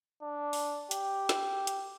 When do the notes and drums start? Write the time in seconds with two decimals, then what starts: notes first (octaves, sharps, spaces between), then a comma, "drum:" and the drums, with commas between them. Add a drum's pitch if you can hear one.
0.22 D4
0.53 drum: open hi-hat
0.91 G4, drum: hi-hat
1.29 drum: snare
1.67 drum: hi-hat